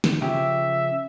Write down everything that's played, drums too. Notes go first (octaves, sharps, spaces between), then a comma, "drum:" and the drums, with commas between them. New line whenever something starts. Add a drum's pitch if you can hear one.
drum: snare
C#3 F3 G4 E5